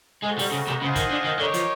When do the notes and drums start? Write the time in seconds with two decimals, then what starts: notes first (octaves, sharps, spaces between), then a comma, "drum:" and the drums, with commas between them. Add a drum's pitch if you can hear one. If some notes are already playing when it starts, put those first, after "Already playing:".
0.23 G#3 C4 D#4 F#4 A4
0.39 G3, drum: open hi-hat
0.52 C#3
0.68 C3, drum: rim click
0.81 C#3 F4 G#4 C5 D#5 F#5
0.96 D#3, drum: kick, hi-hat
1.11 D3
1.25 D#3
1.39 D3 D#4 G4 A#4 C#5
1.54 F3, drum: hi-hat